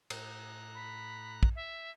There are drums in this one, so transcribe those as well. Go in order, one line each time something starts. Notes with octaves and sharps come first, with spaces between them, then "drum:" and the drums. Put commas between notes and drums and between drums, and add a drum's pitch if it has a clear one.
A2 A#5 F#6, drum: cymbal
B5
drum: kick
E5